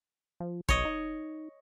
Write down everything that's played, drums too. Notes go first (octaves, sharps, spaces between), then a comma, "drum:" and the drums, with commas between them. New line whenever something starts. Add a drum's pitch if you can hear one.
F3
B1 C#5 D#5, drum: kick
D#4